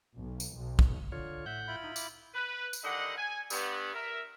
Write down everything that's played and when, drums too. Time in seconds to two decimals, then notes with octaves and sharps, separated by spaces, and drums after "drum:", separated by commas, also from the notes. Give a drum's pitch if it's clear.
0.16 B1
0.40 drum: tambourine
0.55 B1
0.79 drum: kick
1.12 D3 F4 C#5
1.46 A2 E5 F#5 G6
1.68 E4 F4 B5
1.84 D#4
1.96 D6, drum: tambourine
2.34 B4
2.73 drum: tambourine
2.84 D3 D#3 G3 D#5 F#5
3.16 G#5
3.50 G2 B3, drum: tambourine
3.94 A#4 E5